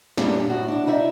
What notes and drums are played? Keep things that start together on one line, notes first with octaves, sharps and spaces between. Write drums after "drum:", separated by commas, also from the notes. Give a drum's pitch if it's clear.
F#2 A#2 G3 B3 D4, drum: snare
A2 F#4
D4 E4
D#4 E4 D5 E5